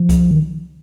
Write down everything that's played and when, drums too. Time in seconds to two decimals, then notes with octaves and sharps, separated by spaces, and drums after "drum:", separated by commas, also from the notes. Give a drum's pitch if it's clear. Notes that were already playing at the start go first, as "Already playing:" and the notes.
Already playing: F3
0.09 drum: kick C2, hi-hat
0.31 D#3